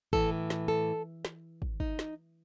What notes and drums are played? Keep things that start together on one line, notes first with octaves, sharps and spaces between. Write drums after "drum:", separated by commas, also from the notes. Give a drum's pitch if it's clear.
A2 E3 A4, drum: kick
drum: snare
A4
drum: snare
drum: kick
D#4, drum: kick
drum: snare